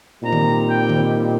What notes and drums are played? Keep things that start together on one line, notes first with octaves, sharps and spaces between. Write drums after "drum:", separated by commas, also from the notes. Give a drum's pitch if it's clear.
A#2 G3 C4 D#4 A#5
drum: tom D#3
G5
drum: tom D#3